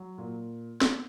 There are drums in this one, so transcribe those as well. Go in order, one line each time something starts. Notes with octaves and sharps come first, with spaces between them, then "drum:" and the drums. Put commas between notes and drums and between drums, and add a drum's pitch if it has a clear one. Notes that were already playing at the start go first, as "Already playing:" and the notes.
Already playing: F#3
A#2
drum: snare